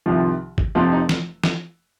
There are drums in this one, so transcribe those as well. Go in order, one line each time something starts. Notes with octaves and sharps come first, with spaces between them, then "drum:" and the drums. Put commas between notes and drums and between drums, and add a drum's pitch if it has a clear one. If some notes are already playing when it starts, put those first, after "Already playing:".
C2 C3 D#3 F3 F4
drum: kick G#1
F1 F2 C3 F3 F4
D#4
drum: snare
drum: snare